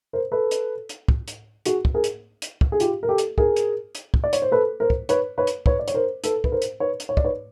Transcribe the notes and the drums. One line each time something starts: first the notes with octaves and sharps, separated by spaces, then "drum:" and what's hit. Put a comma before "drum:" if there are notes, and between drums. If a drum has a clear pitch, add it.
A#4 C5
A4 B4
drum: hi-hat
drum: hi-hat
drum: kick
drum: hi-hat
F#4 G#4, drum: hi-hat
drum: kick
G#4 A#4
drum: hi-hat
drum: hi-hat
drum: kick
G#4
F4 G4, drum: hi-hat
A#4
G4 A4
drum: hi-hat
G#4 A#4, drum: kick
drum: hi-hat
drum: hi-hat
drum: kick
D5
C#5, drum: hi-hat
C5
A4 B4
A#4 C5
drum: kick
B4 C#5, drum: hi-hat
B4 C#5
drum: hi-hat
B4 C#5, drum: kick
D5
C#5, drum: hi-hat
A#4 C5
A4 B4, drum: hi-hat
B4, drum: kick
A#4 C5
drum: hi-hat
B4 C#5
drum: hi-hat
C#5
D5, drum: kick
B4 C#5